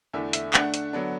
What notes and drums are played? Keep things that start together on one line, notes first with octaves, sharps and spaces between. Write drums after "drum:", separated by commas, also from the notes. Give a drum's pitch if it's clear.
E2 D3 A3 D4 E5
E5, drum: hi-hat
D3 A3 D4 F#5, drum: clap
drum: hi-hat
D3 F#3 B3 D4